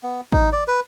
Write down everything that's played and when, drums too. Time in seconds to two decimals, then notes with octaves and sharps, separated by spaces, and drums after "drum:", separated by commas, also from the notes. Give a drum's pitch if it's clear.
0.03 B3
0.32 D#4, drum: kick A1
0.52 D5
0.68 B4